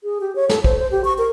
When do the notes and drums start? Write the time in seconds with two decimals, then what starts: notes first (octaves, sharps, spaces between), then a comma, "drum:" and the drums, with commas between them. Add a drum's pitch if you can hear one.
0.04 G#4
0.21 G4
0.36 C#5
0.49 A4, drum: snare
0.64 C5, drum: kick
0.79 C5
0.92 G4
1.05 C#6
1.18 A#4